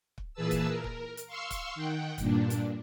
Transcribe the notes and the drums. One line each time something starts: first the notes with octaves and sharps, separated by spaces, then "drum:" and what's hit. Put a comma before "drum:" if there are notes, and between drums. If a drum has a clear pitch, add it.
drum: kick
A#2 E3 G#4 B4 A5 E6
drum: kick, hi-hat
A#4
drum: kick
drum: hi-hat
F5 C6 C#6 E6
drum: kick, hi-hat
D#3 F#5 G5
G2 A#2 D4, drum: kick, hi-hat
drum: hi-hat